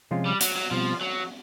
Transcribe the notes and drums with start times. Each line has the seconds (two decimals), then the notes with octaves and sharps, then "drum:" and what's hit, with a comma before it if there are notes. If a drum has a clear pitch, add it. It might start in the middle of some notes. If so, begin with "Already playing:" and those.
0.11 C3 F3 G#3 C#4 F4
0.26 G3
0.41 F#3, drum: hi-hat
0.56 F#3
0.71 B2 F3 G3 C4
1.01 F#3